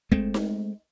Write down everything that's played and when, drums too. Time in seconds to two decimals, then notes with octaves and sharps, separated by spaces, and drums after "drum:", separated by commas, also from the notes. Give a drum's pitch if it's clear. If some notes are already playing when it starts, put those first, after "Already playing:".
0.12 G#3 A3 C4, drum: kick
0.34 drum: snare D#4